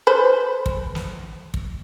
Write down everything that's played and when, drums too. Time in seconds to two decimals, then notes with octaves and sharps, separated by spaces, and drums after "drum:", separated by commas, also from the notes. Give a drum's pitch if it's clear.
0.07 B4 C5
0.66 drum: kick
0.95 drum: snare
1.54 drum: kick